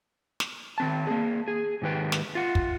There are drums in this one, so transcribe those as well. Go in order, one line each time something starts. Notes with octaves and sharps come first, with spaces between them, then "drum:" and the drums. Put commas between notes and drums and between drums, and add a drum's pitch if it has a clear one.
drum: snare
D#3 C4 A5
A#3 G#4
G#4
G#2 D#3 G4 B4 G5
drum: snare
F4 F#5
drum: kick